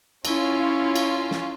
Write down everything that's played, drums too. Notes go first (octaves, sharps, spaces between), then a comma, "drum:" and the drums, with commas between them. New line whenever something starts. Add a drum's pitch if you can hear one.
C#4 E4 F4, drum: cymbal
drum: cymbal
drum: snare